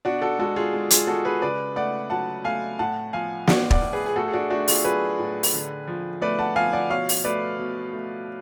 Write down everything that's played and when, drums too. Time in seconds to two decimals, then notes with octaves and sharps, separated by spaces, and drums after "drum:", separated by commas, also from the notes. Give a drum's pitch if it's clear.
0.05 B2 D4 F#4
0.22 F#4 A4
0.39 G#3 F#4 A4
0.56 F4 G#4
0.73 G#3
0.90 F4 G#4, drum: hi-hat
1.07 G#3 F#4 A4
1.25 G#4 B4
1.42 C#3 B4 D5
1.76 A3 D5 F#5
2.10 F#3 F#5 A5
2.45 A3 F5 G#5
2.79 A2 F#5 A5
3.13 F3 F5 G#5
3.47 A2 D5 F#5, drum: snare
3.71 D5 F#5, drum: kick
3.82 A2
3.93 G#4 B4
4.06 G#4
4.16 A3 F#4 A4
4.28 G#4
4.33 D4 F#4
4.50 A3 D4 F#4
4.68 F4 G#4, drum: open hi-hat
4.84 F#3 G#4 B4
5.19 A2
5.43 drum: open hi-hat
5.53 D3
5.87 F3
6.21 A3 B4 D5
6.39 F#5 A5
6.56 F3 F5 G#5
6.73 D5 F#5
6.90 B2 C#5 F5
7.09 drum: open hi-hat
7.24 A3 B4 D5
7.59 B2
7.93 A3